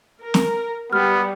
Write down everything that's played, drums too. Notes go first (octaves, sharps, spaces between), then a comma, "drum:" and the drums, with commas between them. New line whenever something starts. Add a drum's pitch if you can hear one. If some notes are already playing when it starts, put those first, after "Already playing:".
A#4
drum: snare
G3 B3 F6